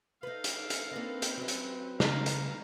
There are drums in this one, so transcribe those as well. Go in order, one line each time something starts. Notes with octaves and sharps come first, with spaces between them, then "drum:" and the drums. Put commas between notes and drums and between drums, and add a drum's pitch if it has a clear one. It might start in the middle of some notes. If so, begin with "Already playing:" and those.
D#4 A4 B4 F5
drum: hi-hat
drum: hi-hat
A#3 C4 D4 D#4 B4
drum: hi-hat
F#3 C#4
drum: hi-hat
C#3 F5 A#5, drum: snare
drum: hi-hat